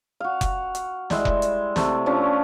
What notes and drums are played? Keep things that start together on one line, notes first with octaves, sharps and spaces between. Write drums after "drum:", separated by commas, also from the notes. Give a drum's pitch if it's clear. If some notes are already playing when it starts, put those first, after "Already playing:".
F#4 F5
drum: kick F1, hi-hat
drum: hi-hat
G3 G#3 E4 E5, drum: snare
drum: kick F1
drum: hi-hat
C3 A3, drum: snare
F3 C#4 D4